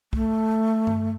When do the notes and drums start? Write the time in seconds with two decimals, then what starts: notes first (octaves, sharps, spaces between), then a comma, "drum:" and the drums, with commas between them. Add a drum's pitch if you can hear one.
0.13 A3, drum: kick
0.87 drum: tom G2